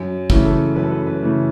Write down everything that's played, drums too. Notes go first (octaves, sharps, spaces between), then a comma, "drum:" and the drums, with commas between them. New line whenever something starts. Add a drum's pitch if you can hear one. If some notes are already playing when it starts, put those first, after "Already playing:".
Already playing: F#2
C#3 E3 A3, drum: kick
A4
F#2 B4
A4
B4
B4
C#3 E3 A3